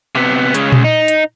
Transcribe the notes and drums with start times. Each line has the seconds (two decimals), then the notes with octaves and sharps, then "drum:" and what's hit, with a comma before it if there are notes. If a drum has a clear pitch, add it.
0.15 C3 B3
0.54 C#3 G#3, drum: hi-hat
0.72 drum: tom A#2
0.84 D#4
1.08 drum: hi-hat